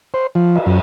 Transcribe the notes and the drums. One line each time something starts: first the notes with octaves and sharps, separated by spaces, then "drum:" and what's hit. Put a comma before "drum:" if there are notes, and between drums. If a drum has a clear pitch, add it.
C5
F3
drum: cymbal
F#2